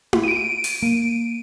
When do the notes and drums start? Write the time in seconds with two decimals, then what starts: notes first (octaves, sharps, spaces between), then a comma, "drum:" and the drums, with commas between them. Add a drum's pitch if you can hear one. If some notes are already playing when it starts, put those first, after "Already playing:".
0.13 drum: tom E4
0.24 D7 D#7
0.64 drum: open hi-hat
0.82 A#3